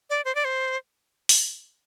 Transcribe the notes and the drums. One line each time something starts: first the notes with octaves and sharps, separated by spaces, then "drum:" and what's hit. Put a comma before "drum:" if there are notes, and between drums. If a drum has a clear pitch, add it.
D5
C5
D5
C5
drum: open hi-hat